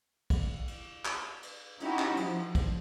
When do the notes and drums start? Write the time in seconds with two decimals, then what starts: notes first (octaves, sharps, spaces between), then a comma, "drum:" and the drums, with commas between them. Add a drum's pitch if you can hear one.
0.30 drum: kick, cymbal
0.68 drum: cymbal
1.05 drum: clap
1.43 drum: cymbal
1.80 C#4 D#4 E4 F#4 G4, drum: cymbal
1.99 drum: clap
2.17 F3, drum: cymbal
2.55 drum: kick, cymbal